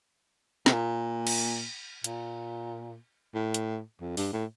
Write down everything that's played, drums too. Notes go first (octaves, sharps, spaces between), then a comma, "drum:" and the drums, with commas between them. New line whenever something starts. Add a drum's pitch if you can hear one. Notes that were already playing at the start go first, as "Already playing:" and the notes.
C3, drum: snare
A#2
drum: cymbal
A#2, drum: hi-hat
A2
drum: hi-hat
F2
G2, drum: open hi-hat
A2